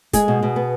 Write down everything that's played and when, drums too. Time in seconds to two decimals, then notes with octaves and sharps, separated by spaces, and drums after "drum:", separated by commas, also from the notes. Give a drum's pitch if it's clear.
0.13 G#3 G#4, drum: kick, hi-hat
0.28 B2
0.43 B2
0.56 B3